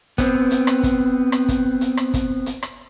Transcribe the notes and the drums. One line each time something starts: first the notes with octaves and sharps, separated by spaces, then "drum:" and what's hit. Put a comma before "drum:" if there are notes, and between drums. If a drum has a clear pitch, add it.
B3 C4, drum: kick, hi-hat
drum: hi-hat
drum: rim click
drum: kick, hi-hat
drum: rim click
drum: kick, hi-hat
drum: hi-hat
drum: rim click
drum: kick, hi-hat
drum: hi-hat
drum: rim click